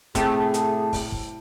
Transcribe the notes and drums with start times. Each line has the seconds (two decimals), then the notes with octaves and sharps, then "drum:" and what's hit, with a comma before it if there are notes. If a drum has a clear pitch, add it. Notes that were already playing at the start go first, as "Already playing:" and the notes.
0.15 A2 C3 A3 G#4, drum: kick, hi-hat
0.54 drum: hi-hat
0.93 drum: kick, open hi-hat
1.12 drum: kick